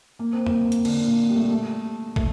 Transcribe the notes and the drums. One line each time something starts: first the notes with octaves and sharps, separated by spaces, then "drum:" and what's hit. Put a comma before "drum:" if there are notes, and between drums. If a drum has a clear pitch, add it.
A#3
C4
A#3, drum: tom E2
drum: hi-hat
D3, drum: cymbal
A#2
G3
A3
G3
A3
A3, drum: kick